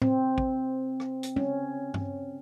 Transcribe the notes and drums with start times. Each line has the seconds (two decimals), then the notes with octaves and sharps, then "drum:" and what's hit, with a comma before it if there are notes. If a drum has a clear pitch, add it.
0.02 C4, drum: tom A2
0.38 drum: kick
1.00 drum: rim click
1.23 drum: hi-hat
1.36 C#4, drum: tom G#3
1.94 drum: tom G2